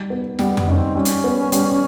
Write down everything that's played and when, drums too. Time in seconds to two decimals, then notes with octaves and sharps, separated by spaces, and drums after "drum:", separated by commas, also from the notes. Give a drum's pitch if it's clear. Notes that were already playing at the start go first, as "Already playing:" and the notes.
Already playing: G3 D#4
0.10 B3
0.39 G3 B3, drum: snare
0.57 B3, drum: tom F2
0.67 C#4 D#4
0.77 C4
0.95 G3 C#4
1.05 drum: hi-hat
1.24 B3
1.52 G3, drum: hi-hat